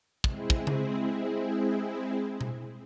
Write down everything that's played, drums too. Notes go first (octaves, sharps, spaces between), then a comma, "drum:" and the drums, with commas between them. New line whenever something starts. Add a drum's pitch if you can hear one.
G#3 C4 E4 G#4, drum: kick
drum: kick
drum: tom C#3
drum: tom B2